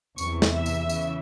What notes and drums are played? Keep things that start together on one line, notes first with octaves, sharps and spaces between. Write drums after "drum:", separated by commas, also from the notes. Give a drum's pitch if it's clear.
E2 C3 E3 C#6, drum: tambourine
drum: snare
E5
drum: tambourine
C#3 E3, drum: tambourine